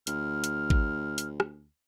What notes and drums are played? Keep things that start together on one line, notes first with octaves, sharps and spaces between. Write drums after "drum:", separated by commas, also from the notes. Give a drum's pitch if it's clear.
D2 F6, drum: hi-hat
drum: hi-hat
drum: kick G#1
drum: hi-hat
drum: rim click